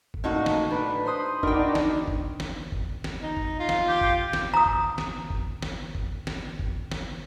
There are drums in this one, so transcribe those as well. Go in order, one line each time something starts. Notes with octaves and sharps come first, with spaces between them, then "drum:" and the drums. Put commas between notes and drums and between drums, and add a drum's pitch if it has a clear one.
drum: kick G1
A2 A#3 D#4 F#4
drum: snare
D4 B4
C5 B5 C6 D#6
D4 D#4 F#4 A#4 G5, drum: kick G1
drum: snare
drum: kick G1
drum: snare
drum: kick G1
drum: snare
D#4
drum: kick G1
F4
drum: snare
G4
drum: kick G1
drum: snare
A#5 D#6
drum: kick G1
drum: snare
drum: kick G1
drum: snare
drum: kick G1
drum: snare
drum: kick G1
drum: snare